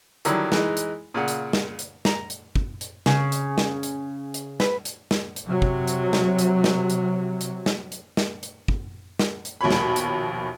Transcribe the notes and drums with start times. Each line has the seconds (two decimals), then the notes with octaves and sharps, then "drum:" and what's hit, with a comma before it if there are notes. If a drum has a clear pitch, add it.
0.25 D3 D#3 F#3 G3 E4, drum: hi-hat
0.52 E3 G#3 D#4, drum: snare
0.77 drum: hi-hat
1.14 A#2 C#3 F#5
1.28 drum: hi-hat
1.53 drum: snare
1.79 drum: hi-hat
2.05 A#5, drum: snare
2.30 drum: hi-hat
2.55 drum: kick
2.81 drum: hi-hat
3.06 C#3, drum: snare
3.32 drum: hi-hat
3.58 drum: snare
3.83 drum: hi-hat
4.34 drum: hi-hat
4.60 B4, drum: snare
4.85 drum: hi-hat
5.11 drum: snare
5.36 drum: hi-hat
5.45 C3 F#3
5.62 drum: kick
5.87 drum: hi-hat
6.13 drum: snare
6.39 drum: hi-hat
6.64 drum: snare
6.90 drum: hi-hat
7.41 drum: hi-hat
7.66 drum: snare
7.92 drum: hi-hat
8.17 drum: snare
8.43 drum: hi-hat
8.68 drum: kick
9.19 drum: snare
9.45 drum: hi-hat
9.61 A#1 D#2 B2 C#5 B5
9.71 drum: snare
9.96 drum: hi-hat